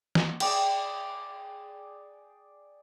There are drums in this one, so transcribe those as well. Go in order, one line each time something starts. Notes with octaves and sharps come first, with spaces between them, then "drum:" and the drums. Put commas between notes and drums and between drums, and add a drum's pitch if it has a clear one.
drum: snare
G#4 D5 G5, drum: cymbal